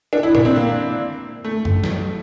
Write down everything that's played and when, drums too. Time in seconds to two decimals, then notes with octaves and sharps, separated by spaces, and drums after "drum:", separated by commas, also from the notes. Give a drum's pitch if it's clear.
0.13 D4
0.23 E4
0.35 D4, drum: tom
0.45 C4
0.56 A#3
1.44 A3
1.65 drum: tom F#2
1.84 drum: snare